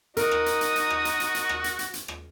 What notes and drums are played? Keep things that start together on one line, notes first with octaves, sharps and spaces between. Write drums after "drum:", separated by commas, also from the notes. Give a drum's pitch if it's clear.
D#4 F#4 A#4 D#6, drum: hi-hat
drum: rim click
drum: hi-hat
drum: hi-hat
drum: hi-hat
drum: rim click
drum: hi-hat
drum: hi-hat
drum: hi-hat
drum: rim click
drum: hi-hat
drum: hi-hat
drum: hi-hat
drum: rim click